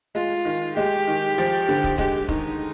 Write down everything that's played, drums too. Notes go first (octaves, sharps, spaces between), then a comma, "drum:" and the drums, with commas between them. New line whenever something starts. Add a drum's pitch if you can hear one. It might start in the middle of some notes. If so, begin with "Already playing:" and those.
G#3 F4
D#3
G#3 G4
D#3
F3
D3
drum: kick
G#3 G4, drum: kick
D#3 D#4, drum: kick